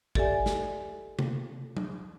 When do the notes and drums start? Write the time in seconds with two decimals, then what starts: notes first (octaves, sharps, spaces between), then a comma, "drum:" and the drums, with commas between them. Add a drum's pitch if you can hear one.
0.15 G4 A4 D5 E5 G#5, drum: kick G#1
0.46 drum: snare
1.19 drum: tom C3
1.77 drum: tom F#3